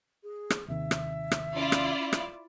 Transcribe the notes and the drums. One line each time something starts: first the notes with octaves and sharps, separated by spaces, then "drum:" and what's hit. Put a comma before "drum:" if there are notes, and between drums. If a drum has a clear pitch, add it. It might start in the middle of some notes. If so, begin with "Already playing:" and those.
G#4
drum: rim click
D#2 C3 D#3 E5
drum: rim click
drum: rim click
C#4 E4 F4 D5
drum: rim click
drum: rim click